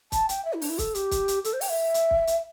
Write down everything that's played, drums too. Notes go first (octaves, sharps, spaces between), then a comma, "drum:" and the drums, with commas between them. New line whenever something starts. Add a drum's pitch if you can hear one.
A5, drum: kick, hi-hat
G5, drum: hi-hat
E5
E4
D4, drum: open hi-hat
E4
A4, drum: kick, hi-hat
G4, drum: hi-hat
drum: kick, hi-hat
drum: hi-hat
A4, drum: hi-hat
C5
G5, drum: open hi-hat
E5
drum: hi-hat
drum: kick
drum: hi-hat